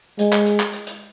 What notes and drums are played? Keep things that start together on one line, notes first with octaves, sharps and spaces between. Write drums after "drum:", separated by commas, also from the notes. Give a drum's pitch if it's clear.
G#3, drum: hi-hat
drum: clap
drum: hi-hat
drum: clap
drum: hi-hat
drum: hi-hat